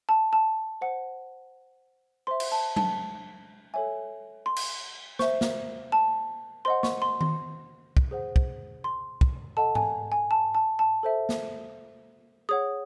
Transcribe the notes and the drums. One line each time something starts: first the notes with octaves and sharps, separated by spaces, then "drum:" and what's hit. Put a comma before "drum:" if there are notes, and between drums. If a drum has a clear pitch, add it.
A5
A5
C5 F#5
C5 E5 C6
drum: cymbal
A5
A5, drum: tom F#3
A4 C#5 E5 G#5
C6
drum: cymbal
C5 E5 C#6, drum: snare
drum: snare
A5
C5 D#5 F#5 C6
C#6, drum: snare
C6
C6, drum: tom D#3
drum: kick
G#4 C5 F#5
drum: kick
C6
drum: kick
A4 D#5 F#5 A5
G#5, drum: tom G#2
G#5
A5
A5
A5
A4 C5 E5
drum: snare
G#4 C#5 F#5 D#6